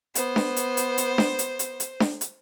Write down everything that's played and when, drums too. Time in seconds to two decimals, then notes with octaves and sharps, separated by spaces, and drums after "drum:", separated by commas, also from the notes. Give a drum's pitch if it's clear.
0.15 B3 C5, drum: hi-hat
0.36 drum: snare D4
0.56 drum: hi-hat
0.77 drum: hi-hat
0.98 drum: hi-hat
1.18 drum: snare D4
1.39 drum: hi-hat
1.59 drum: hi-hat
1.80 drum: hi-hat
2.00 drum: snare D4
2.21 drum: hi-hat